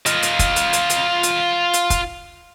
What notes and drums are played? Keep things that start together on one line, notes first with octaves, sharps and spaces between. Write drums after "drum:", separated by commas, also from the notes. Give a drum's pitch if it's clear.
F4 D#5, drum: hi-hat
drum: hi-hat
drum: kick, hi-hat
drum: hi-hat
drum: hi-hat
drum: hi-hat
drum: hi-hat
drum: hi-hat
drum: kick, hi-hat